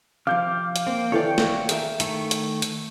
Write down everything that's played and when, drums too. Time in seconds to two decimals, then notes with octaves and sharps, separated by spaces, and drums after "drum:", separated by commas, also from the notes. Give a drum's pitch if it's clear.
0.27 C3 F3 F5 D6 F6 G6
0.76 drum: hi-hat
0.87 A#3 C4
1.12 C3 D#3 E3 E4 A4 C#5 D5 G5
1.38 drum: snare
1.69 G#4 A#4 E5, drum: hi-hat
2.00 D#3 A3, drum: hi-hat
2.31 drum: hi-hat
2.62 drum: hi-hat